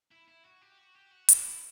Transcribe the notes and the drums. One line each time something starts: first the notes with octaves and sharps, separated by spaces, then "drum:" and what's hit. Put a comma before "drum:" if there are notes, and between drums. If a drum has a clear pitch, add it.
E4
E4
F#4
G4
F#4
G4
F#4
E4, drum: hi-hat